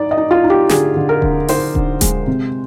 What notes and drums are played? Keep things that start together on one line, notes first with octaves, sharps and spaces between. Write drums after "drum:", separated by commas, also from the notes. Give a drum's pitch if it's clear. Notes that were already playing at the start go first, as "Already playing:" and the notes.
Already playing: D#4 D5
D#5
D#4
F4
D#4
G4
D3 G#4, drum: snare
D3
A#4
D3, drum: kick D#1
D#4 C5, drum: open hi-hat
D3, drum: kick D#1
G#3, drum: kick D#1, hi-hat
C3